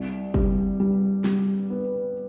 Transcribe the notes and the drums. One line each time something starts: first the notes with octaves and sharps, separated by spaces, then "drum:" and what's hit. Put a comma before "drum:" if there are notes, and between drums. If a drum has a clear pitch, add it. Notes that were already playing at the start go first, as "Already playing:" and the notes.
Already playing: C2
G3, drum: kick
G3
G3, drum: snare
B3